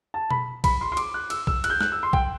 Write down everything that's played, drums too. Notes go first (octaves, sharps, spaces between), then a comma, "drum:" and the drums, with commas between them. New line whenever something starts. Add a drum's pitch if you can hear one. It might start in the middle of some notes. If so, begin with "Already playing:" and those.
A5
B5, drum: tom B2
B5, drum: kick, cymbal
C6
C6
D6, drum: cymbal
F#6
E6, drum: cymbal
E6, drum: kick
F#6, drum: cymbal
G6
F#6, drum: snare
E6
C6
G5, drum: kick